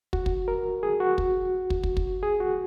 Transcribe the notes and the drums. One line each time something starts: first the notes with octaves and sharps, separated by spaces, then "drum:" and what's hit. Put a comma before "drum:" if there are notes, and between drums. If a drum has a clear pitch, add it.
F#4, drum: kick
drum: kick
A#4
G#4
F#4
drum: kick
drum: kick
drum: kick
drum: kick
G#4
F#4